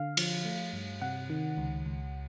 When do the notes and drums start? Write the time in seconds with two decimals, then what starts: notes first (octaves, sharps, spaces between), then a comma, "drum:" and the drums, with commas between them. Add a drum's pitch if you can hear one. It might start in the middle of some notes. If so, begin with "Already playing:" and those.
Already playing: D3 F5
0.17 F3, drum: cymbal
0.45 A3
0.73 G2
1.02 C3 F#5
1.30 D#3
1.58 C#2
1.86 C#2